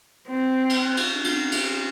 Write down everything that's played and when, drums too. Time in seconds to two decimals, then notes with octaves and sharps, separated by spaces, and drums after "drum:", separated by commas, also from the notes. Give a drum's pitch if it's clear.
0.29 C4
0.70 drum: cymbal
0.97 drum: cymbal
1.24 drum: cymbal
1.52 drum: cymbal